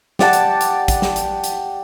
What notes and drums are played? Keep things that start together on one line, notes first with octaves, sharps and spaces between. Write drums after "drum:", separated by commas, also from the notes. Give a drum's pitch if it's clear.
G4 D5 F#5 A5, drum: snare
drum: hi-hat
drum: hi-hat
drum: kick, hi-hat
drum: snare
drum: hi-hat
drum: hi-hat